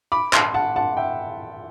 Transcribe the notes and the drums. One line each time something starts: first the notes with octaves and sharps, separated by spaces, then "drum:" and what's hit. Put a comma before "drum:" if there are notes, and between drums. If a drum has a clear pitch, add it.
B5 D6
A5 C6, drum: clap
F#5 A5
F#5 A5
E5 G5